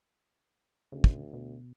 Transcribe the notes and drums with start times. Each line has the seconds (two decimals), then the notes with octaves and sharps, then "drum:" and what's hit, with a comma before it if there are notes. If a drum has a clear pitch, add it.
0.92 D2 C#3
1.04 drum: kick
1.33 B2